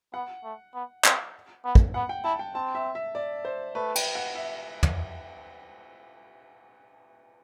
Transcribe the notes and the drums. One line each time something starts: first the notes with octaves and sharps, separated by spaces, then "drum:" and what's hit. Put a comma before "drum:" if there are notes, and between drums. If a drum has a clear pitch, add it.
B3 F#5
A3
B3
C4, drum: clap
B3
drum: kick
B3 F#5
G5
E4 A5
G5
C4 A5
E5
E5
D5
C5
A3 B4
G5, drum: cymbal
F#5
E5
drum: tom